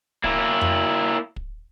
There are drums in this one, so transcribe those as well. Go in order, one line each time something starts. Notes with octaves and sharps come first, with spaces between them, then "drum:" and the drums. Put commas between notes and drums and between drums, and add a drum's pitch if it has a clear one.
A#3 E4, drum: kick
drum: tom F2
drum: kick